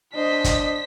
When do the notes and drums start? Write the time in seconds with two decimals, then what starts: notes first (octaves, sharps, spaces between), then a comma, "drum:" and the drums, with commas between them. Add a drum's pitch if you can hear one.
0.15 D4 C5 D#5 B6
0.44 drum: kick G1, hi-hat